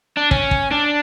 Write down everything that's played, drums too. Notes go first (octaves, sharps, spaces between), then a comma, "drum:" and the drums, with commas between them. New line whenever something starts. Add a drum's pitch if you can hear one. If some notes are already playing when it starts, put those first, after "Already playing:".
D4
C#4, drum: kick
drum: kick
D4